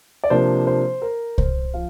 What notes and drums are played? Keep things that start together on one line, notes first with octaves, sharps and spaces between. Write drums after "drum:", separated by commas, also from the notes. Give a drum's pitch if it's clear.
D5
C3 F3 A#3 D4 C5
C5
A#4
C5, drum: kick C2
F3 F5